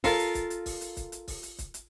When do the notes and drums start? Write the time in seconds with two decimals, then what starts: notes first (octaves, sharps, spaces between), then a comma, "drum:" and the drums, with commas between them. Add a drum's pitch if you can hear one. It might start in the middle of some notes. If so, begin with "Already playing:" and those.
0.04 F4 A4 A#4 F5, drum: kick, open hi-hat
0.19 drum: hi-hat
0.35 drum: kick, hi-hat
0.50 drum: hi-hat
0.66 drum: kick, open hi-hat
0.81 drum: hi-hat
0.97 drum: kick, hi-hat
1.12 drum: hi-hat
1.28 drum: kick, open hi-hat
1.43 drum: hi-hat
1.58 drum: kick, hi-hat
1.74 drum: hi-hat